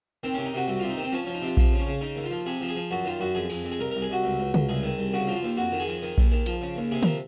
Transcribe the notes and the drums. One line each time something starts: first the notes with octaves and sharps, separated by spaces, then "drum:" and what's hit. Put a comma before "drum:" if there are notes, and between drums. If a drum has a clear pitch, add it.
D#3 C4
C3 C#4
D#4
C3 F#4
C2 F#4
C3 F4
D#4
D#3 C4
F3 C#4
F3 C#4
D#4
C3 F4
F3 F4, drum: kick A#1
C#3
C#4
C#3
C#3 D#4
D#2
F4
F3
C3 G#4
F3
G#4
F3
F#2 F#4
D#3 F4
F#2 F#4
F2 G#4
F2, drum: cymbal
F2
G#4
C2 A#4
C2 A#4
G#4
C2 F#4
C#2
C#2
C#2, drum: tom
C2 G#4
D#3
C2
C#3 F#4
F3
F4
D#2
F2 F#4
D#3
G#4, drum: cymbal
F2
D#3
D#2, drum: kick A#1
D#3
F3, drum: hi-hat
C#3
D#2
C3 G#4
F3 A#4, drum: tom